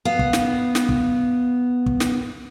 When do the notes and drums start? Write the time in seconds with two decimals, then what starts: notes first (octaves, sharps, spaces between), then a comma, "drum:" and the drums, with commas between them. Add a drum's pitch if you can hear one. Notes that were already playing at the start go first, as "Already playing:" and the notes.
0.05 B3 F5
0.19 drum: kick
0.33 drum: snare
0.75 drum: snare
0.89 drum: kick
1.86 drum: kick
2.00 drum: snare